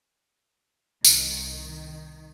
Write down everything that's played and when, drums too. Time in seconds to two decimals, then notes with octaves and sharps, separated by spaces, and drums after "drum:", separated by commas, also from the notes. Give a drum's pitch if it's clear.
1.05 C2 D#3, drum: tambourine